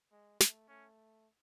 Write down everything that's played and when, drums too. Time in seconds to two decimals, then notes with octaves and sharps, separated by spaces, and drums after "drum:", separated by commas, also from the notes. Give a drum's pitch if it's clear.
0.12 G#3
0.40 A3, drum: snare
0.69 A3 C#4